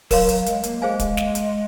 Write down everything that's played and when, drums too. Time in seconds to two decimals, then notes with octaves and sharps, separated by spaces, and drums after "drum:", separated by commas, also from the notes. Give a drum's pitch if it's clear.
0.11 F#3 A#4 C#5 F5 C6, drum: kick, open hi-hat
0.29 drum: hi-hat
0.46 G#3, drum: hi-hat
0.63 A#3, drum: hi-hat
0.82 G#3 G#4 C5 F5 G#5
0.99 drum: kick, hi-hat
1.17 drum: snare
1.35 drum: hi-hat